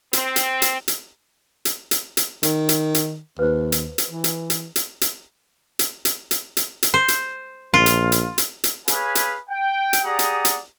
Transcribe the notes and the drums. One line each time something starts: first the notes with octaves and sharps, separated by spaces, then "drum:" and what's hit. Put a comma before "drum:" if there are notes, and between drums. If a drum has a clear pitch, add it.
C4, drum: hi-hat
drum: hi-hat
drum: hi-hat
drum: hi-hat
drum: hi-hat
drum: hi-hat
drum: hi-hat
D#3, drum: hi-hat
drum: hi-hat
drum: hi-hat
D#2 B4 C5
drum: hi-hat
drum: hi-hat
E3
drum: hi-hat
drum: hi-hat
drum: hi-hat
drum: hi-hat
drum: hi-hat
drum: hi-hat
drum: hi-hat
drum: hi-hat
drum: hi-hat
C5
drum: hi-hat
A#1 F4
drum: hi-hat
drum: hi-hat
drum: hi-hat
drum: hi-hat
G#4 B4 C#5 F5 G#5 B5, drum: hi-hat
drum: hi-hat
G5
drum: hi-hat
G4 G#4 D5 F#5 A#5 D#6
drum: hi-hat
drum: hi-hat